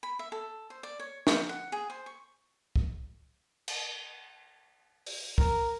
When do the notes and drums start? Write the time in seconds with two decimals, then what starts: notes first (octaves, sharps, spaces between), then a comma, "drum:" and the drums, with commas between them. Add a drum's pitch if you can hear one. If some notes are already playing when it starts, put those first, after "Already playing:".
0.03 B5
0.19 E5
0.32 A4
0.70 C5
0.83 D5
1.00 C#5
1.27 G5, drum: snare
1.49 F#5
1.72 G#4
1.90 C5
2.06 C#6
2.76 drum: kick
3.68 drum: cymbal
5.06 drum: open hi-hat
5.38 A#4, drum: kick